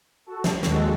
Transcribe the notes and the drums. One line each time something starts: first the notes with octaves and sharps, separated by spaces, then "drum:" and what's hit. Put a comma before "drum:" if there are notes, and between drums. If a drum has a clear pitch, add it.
F#4 A4
drum: snare
D#2 D#3 G#3 F#4 A4, drum: snare